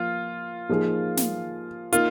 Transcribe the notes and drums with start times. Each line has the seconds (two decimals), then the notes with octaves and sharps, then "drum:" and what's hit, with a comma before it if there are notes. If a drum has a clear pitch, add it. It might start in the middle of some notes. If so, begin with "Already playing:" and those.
Already playing: F3 A#3 F4
0.69 F3 A#3 D#4 G#4
1.17 drum: snare
1.93 A#3 D#4 F4 A#4, drum: hi-hat